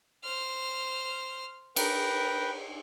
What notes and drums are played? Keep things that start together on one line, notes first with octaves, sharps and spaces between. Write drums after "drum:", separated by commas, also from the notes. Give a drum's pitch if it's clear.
C5 F6
A#4 B4 G5, drum: cymbal